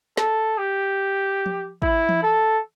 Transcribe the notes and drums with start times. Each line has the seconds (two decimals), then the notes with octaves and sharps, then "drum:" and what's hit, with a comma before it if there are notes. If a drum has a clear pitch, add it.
0.17 A4, drum: snare
0.58 G4
1.46 drum: tom F3
1.82 E4, drum: kick
2.09 drum: tom E3
2.23 A4